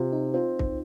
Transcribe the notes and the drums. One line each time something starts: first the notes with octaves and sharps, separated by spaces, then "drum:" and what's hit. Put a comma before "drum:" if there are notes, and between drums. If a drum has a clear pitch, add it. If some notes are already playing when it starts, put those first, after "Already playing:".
Already playing: C3 F4
D#4
C4 F4
drum: kick